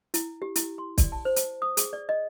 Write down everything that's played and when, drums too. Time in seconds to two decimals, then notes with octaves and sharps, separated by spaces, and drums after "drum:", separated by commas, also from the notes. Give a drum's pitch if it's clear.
0.14 E4, drum: hi-hat
0.42 G4
0.56 E4, drum: hi-hat
0.78 C6
0.98 D5, drum: kick, hi-hat
1.12 A5
1.25 C5
1.36 drum: hi-hat
1.62 D#6
1.77 G#4, drum: hi-hat
1.93 D5
2.09 D#5